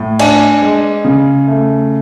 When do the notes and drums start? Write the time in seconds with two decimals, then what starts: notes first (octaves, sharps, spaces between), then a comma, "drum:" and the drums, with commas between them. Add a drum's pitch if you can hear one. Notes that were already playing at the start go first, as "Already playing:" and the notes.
Already playing: A2
0.19 D4 G#5, drum: cymbal
0.62 G#3
1.04 C#3
1.47 A3